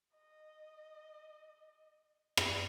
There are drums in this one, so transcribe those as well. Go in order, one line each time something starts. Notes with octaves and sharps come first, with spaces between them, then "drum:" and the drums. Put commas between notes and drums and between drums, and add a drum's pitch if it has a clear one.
D#5
drum: rim click